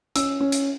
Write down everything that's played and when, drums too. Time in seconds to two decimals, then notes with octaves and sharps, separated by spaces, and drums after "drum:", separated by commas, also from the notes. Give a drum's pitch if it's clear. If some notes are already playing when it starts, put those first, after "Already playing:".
0.16 C#4 E6, drum: hi-hat
0.40 C#4
0.52 drum: hi-hat